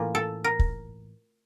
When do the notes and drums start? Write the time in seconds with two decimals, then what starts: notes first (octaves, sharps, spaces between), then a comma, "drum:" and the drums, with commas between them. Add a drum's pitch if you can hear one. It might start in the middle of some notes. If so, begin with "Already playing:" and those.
Already playing: A2 E3 A#3 F4
0.15 A4
0.44 A#4
0.59 drum: kick